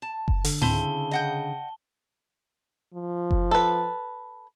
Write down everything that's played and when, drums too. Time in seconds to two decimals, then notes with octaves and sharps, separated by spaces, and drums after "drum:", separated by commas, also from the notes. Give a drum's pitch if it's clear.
0.02 A5
0.28 drum: kick F#1
0.44 D3, drum: open hi-hat
0.62 C#3 C4 E4 A5 G7, drum: tom G#2
1.11 D#5 F#5 G5
2.94 F3
3.31 drum: kick F#1
3.51 A4 B4